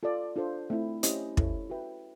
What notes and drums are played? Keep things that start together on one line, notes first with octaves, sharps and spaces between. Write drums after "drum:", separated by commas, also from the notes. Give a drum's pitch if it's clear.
F4 A4 D5
D4 F4 A4 C5
A3 C4 E4
C#4 E4 G4 C5 D#5, drum: hi-hat
E4 A4 C#5, drum: kick
F#4 B4 E5 G5